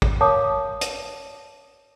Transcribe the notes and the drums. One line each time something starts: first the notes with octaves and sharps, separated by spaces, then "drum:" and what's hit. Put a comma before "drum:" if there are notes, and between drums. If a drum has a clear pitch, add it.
drum: kick
A#4 C#5 F5 A5 D6 D#6
drum: hi-hat